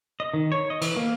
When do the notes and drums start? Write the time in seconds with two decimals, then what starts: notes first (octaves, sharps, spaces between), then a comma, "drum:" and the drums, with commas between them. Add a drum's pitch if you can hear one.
0.20 D#5
0.34 D#3
0.52 C#5
0.70 D#5
0.81 E3, drum: cymbal
0.97 A#3